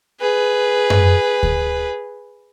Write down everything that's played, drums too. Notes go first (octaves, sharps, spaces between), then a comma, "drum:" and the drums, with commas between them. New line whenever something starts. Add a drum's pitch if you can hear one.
G#4 B4
drum: tom F#2
drum: kick D2